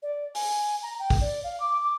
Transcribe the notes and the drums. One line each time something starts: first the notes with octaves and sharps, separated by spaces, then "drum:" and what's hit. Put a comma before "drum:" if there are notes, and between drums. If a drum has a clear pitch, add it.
D5
G#5, drum: open hi-hat
A#5
G5
drum: kick, open hi-hat
D5
F5
D6
D6